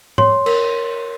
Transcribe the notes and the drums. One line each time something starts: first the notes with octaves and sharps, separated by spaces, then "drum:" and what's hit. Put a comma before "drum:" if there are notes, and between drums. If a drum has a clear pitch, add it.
C#5 C6, drum: tom G#2
A#4, drum: cymbal